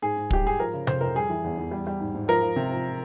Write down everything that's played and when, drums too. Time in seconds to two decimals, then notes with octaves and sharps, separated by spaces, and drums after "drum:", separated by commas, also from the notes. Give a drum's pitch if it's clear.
0.02 G#2 G#4
0.17 G#2
0.31 G3 G4, drum: kick
0.45 G#2 G#4
0.59 F3 A#4
0.74 C#3
0.87 F2 C5, drum: tom C3
1.01 F2 A#4
1.15 G3 G#4
1.30 E3
1.44 E2
1.58 E2
1.71 G3
1.87 G3
2.00 G#2
2.15 G#2
2.28 F3 A#4
2.42 F3
2.56 C3
2.71 F3